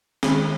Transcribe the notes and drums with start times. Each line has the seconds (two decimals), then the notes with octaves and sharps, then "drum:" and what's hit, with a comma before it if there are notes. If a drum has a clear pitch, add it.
0.23 D#3 G#3 C#4 B5, drum: snare